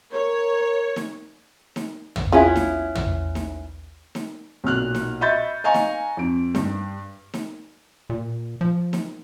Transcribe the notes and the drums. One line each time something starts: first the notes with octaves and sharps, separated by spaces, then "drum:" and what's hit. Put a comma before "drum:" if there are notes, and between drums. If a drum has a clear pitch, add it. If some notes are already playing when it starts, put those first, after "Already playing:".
A#4 C#5
drum: snare D#4
drum: snare D#4
drum: tom
B3 C#4 E4 F4 G#4
drum: snare D#4
drum: tom
drum: snare D#4
drum: snare D#4
B1 A#2 F6 F#6
drum: snare D#4
D#5 E5 B5 C#6 G6 A6
D#5 F5 G#5 A#5 C#6
drum: snare D#4
F2 D7
G2, drum: snare D#4
drum: snare D#4
A#2
F3
drum: snare D#4